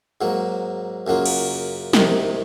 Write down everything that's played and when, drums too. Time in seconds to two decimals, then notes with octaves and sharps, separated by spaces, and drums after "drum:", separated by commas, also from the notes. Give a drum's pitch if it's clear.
0.21 G#2 F#3 A#3
1.07 F#2 C#3 F#3 A#3 F4
1.26 drum: cymbal
1.93 C2 C3 D#3, drum: snare